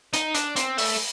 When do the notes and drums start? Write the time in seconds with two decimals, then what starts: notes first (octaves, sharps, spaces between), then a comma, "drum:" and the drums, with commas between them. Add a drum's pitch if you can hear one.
0.13 D#4, drum: hi-hat
0.35 D4, drum: hi-hat
0.56 C4, drum: hi-hat
0.78 A3, drum: open hi-hat